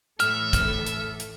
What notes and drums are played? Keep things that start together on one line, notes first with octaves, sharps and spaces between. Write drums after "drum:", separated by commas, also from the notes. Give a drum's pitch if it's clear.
A2 E3 A4 E5 F6, drum: hi-hat
drum: kick, hi-hat
drum: hi-hat
drum: hi-hat